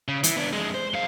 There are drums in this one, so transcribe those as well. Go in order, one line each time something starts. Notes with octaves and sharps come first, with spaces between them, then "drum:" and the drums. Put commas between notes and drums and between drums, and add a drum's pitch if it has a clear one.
C#3
E3, drum: hi-hat
B3 D4
F2 G#3
C5
F#2 F5